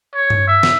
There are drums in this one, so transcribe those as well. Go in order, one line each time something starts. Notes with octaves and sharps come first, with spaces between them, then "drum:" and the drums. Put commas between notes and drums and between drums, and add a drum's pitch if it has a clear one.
C#5
drum: tom G2
E5
drum: snare